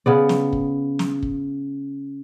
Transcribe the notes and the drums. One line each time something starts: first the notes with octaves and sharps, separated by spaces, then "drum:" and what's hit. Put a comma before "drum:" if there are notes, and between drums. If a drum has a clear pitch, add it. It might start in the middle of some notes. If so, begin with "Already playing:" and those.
C#3 B3 D5
drum: snare
drum: kick
drum: snare
drum: kick